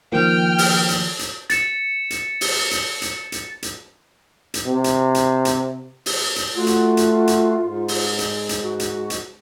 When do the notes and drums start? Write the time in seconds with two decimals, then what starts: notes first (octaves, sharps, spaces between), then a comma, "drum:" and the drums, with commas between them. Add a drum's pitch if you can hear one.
0.12 D#3 F3 A#3 G5 F6
0.58 drum: open hi-hat
0.89 drum: hi-hat
1.19 drum: hi-hat
1.50 A6 C#7 E7, drum: hi-hat
2.10 drum: hi-hat
2.41 drum: open hi-hat
2.71 drum: hi-hat
3.02 drum: hi-hat
3.32 drum: hi-hat
3.63 drum: hi-hat
4.54 drum: hi-hat
4.66 C3
4.84 drum: hi-hat
5.15 drum: hi-hat
5.45 drum: hi-hat
6.06 drum: open hi-hat
6.36 drum: hi-hat
6.55 A3 F4 F#4
6.67 drum: hi-hat
6.97 drum: hi-hat
7.27 drum: hi-hat
7.60 G#2
7.88 drum: open hi-hat
8.19 drum: hi-hat
8.49 drum: hi-hat
8.63 F#4
8.80 drum: hi-hat
9.10 drum: hi-hat